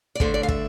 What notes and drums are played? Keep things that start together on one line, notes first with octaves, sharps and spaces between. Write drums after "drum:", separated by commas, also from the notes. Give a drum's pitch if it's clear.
D5
G2 D3 A3 D4 C5, drum: kick
D5
F5
E5, drum: kick